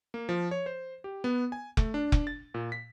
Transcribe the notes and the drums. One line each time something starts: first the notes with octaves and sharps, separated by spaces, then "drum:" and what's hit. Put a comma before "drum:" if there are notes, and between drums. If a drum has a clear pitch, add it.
A#3
F3
C#5
C5
G4
B3
G#5
A3, drum: kick F1
D4
drum: kick F1
A6
A#2
B6